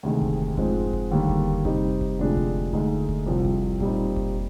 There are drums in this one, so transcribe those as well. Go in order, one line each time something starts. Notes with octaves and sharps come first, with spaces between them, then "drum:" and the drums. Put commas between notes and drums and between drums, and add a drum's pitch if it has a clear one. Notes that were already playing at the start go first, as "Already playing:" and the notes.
D2 C3 D#3 G#3
drum: kick F1
G#2 F3 G#3 C4, drum: kick F1
drum: kick F1
D#2 D3 G3 A#3
drum: kick F1
C3 G3 C4 D#4, drum: kick F1
drum: kick F1
D2 C3 F3 G#3 D4
drum: kick F1
D2 D3 G#3 D#4, drum: kick F1
drum: kick F1
C2 C3 F3
drum: kick F1
A#2 G3 C4 D#4, drum: kick F1
drum: kick F1